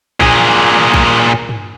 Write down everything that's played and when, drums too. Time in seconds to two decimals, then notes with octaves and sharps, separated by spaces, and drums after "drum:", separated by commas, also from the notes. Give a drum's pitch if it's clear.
0.20 A#2 G#4, drum: kick A#1
0.75 drum: tom D3
0.94 drum: kick A#1
1.49 drum: tom G2